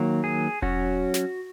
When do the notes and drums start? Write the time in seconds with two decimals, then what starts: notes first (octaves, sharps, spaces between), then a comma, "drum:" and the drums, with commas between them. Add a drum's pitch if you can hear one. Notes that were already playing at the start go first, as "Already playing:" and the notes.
Already playing: D#3 F#3 A#3
0.24 G#4
0.62 F#3 C#4 F#4, drum: kick E1
1.14 drum: snare